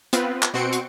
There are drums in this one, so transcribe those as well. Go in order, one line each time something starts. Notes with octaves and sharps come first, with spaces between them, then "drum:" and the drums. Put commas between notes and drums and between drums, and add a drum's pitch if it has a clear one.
B3 C4 F4 B4, drum: hi-hat
drum: clap
B2 C4 F#4 C6 C#7 D7
drum: hi-hat